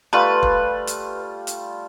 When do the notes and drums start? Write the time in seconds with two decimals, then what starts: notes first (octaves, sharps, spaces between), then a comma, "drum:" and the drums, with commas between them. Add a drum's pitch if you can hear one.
0.13 G3 A3 F4 B4
0.43 drum: kick
0.87 drum: hi-hat
1.47 drum: hi-hat